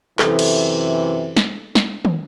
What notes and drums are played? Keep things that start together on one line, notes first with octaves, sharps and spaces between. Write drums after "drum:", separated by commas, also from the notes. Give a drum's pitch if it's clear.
F#2 C3 E3 A4, drum: clap
drum: cymbal
drum: snare
drum: snare
drum: tom